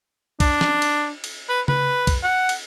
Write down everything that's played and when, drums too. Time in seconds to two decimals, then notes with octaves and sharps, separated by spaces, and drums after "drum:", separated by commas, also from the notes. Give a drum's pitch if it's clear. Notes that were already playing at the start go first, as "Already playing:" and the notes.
0.40 D4, drum: kick, cymbal
0.61 drum: snare
0.82 drum: cymbal
1.24 drum: cymbal
1.49 B4
1.68 B4, drum: tom C#3
2.07 drum: kick, cymbal
2.23 F#5
2.49 drum: cymbal